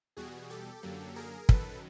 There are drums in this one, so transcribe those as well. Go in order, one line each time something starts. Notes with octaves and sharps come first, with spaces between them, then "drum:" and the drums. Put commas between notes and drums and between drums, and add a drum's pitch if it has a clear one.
E2 B2 G3 F#4 G#4
G4 A4
F#2 D3 F#3 A#3
G#4 A#4
F#2 D#3 F#3 A4 B4, drum: kick